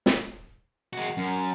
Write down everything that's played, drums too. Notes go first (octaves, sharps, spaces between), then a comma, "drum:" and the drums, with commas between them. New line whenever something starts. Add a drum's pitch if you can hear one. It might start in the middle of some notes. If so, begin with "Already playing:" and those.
drum: snare
G#3 F#4
F#2